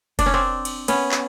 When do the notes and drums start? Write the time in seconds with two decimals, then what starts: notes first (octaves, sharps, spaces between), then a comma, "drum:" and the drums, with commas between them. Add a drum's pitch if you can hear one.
0.19 D4, drum: kick F1, cymbal
0.26 C#4
0.34 C4 D4
0.65 drum: cymbal
0.88 B3 C#4, drum: cymbal
1.11 drum: clap